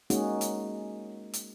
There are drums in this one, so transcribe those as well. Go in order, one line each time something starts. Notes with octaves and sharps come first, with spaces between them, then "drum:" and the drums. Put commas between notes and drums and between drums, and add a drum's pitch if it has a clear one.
G#3 A#3 C#4 D#4 F#4 G#4, drum: hi-hat
drum: hi-hat
drum: hi-hat